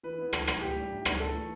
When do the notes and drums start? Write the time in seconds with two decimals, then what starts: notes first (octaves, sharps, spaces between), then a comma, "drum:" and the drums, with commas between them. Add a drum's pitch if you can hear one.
0.03 E3 B4
0.18 B3 E4
0.33 E3 A4, drum: rim click
0.47 B3 E4, drum: rim click
0.61 A2 G4
0.76 G3 D4
0.91 A2
1.05 G3 D4, drum: rim click
1.20 A2 A4
1.35 E3 A3